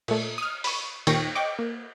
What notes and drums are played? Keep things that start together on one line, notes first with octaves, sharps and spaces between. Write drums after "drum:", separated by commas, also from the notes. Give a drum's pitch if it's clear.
A#2 A3, drum: cymbal
D#6 F6
B5 C#6, drum: open hi-hat
D#2 A#2 D#3 G5 C#6 A#6, drum: cymbal
D#5 G5 C#6 D6
A#3